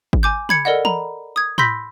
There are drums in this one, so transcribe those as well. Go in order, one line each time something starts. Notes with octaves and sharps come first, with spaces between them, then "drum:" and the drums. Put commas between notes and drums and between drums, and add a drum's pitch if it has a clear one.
drum: kick G#1
G#5 D6 G6
B5 G#6 C#7, drum: tom C#3
A4 A#4 D5 D#5 F#5
A#5 B5, drum: tom E3
D#6 G#6
B5 C6 E6 G6 A#6 B6, drum: tom A2